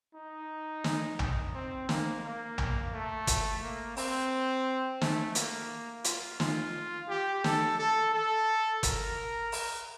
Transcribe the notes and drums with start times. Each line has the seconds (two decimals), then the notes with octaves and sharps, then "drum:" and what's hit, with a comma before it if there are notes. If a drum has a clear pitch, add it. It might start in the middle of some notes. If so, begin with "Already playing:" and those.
0.15 D#4
0.84 drum: snare
1.19 drum: tom A#1
1.54 C4
1.89 A#3, drum: snare
2.24 A#3
2.58 drum: tom A#1
2.93 A3
3.27 drum: kick, hi-hat
3.63 A#3
3.97 C4, drum: open hi-hat
5.01 A3, drum: snare
5.35 A#3, drum: hi-hat
6.04 F4, drum: hi-hat
6.40 F4, drum: snare
7.09 G4
7.44 A4, drum: snare
7.78 A4
8.13 A4
8.83 A#4, drum: kick, hi-hat
9.52 drum: open hi-hat